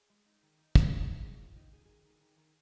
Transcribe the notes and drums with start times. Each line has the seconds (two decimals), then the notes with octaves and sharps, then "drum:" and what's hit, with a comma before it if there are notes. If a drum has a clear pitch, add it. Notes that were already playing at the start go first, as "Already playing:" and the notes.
Already playing: G#4
0.10 G#3
0.26 D#4
0.43 D#3
0.59 D#4
0.75 D#3, drum: kick
0.91 D4
1.08 G#3
1.24 D#3 G#4
1.40 D#3 F4
1.56 D#3 D#4
1.73 D#3 G#4
1.85 D#3 G#4
2.05 D#3 G#4
2.21 D#3
2.38 D#3